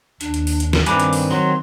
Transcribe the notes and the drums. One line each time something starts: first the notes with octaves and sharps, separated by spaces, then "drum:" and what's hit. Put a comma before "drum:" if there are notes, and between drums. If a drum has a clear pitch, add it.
D#2 D4, drum: hi-hat
drum: hi-hat
drum: open hi-hat
drum: hi-hat
drum: snare
G2 D#3 C4 B4 G#5 D6, drum: hi-hat
drum: hi-hat
drum: open hi-hat
F#3 C6